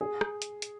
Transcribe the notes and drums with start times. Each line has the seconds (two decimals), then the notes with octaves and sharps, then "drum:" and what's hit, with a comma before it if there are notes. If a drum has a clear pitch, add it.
0.01 G#4
0.21 drum: rim click
0.42 drum: hi-hat
0.62 drum: hi-hat